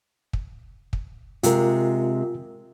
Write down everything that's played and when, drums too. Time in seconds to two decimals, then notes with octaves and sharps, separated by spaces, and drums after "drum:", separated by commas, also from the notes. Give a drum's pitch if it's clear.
0.33 drum: kick
0.93 drum: kick
1.43 C3 G#3 F4 A#4, drum: hi-hat